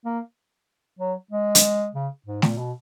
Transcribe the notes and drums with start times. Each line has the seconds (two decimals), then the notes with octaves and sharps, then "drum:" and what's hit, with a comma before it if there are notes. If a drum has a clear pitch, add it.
0.05 A#3
0.99 F#3
1.31 G#3
1.55 drum: hi-hat
1.94 C#3
2.26 G#2
2.42 A#2, drum: snare A3
2.58 B2